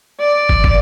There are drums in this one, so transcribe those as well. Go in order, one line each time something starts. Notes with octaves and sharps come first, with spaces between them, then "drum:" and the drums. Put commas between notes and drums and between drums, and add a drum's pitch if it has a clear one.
D5
drum: kick
drum: kick